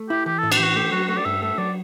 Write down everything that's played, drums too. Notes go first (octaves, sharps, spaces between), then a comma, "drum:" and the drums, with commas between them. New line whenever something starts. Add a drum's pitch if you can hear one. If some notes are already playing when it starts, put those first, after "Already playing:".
Already playing: A3
E4 G4
E3 G4
A2 A4
D4, drum: cymbal
E3 F#4 G4
A3 G4
F#3 F#4
A3 F#4
D5
G2 E5
A3 E5
F#3 D5